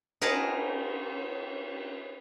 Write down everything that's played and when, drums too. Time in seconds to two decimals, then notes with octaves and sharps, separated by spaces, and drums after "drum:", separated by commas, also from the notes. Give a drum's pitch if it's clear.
0.21 D#4 G#4 A#4 B4 F#5 A5, drum: cymbal